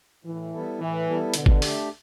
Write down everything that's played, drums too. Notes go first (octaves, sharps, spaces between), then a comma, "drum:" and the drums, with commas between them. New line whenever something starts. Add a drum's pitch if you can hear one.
A2 E3
G3 B3 E4 A4
A2 E3
G3 B3 E4 A4
B2 D3, drum: hi-hat
drum: kick G1
A3 D4 G4, drum: open hi-hat